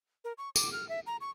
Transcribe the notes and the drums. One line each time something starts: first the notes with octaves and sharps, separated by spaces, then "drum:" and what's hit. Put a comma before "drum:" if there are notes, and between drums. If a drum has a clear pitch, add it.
A#4
C#6
D6, drum: tambourine
F6
E5
A#5
C#6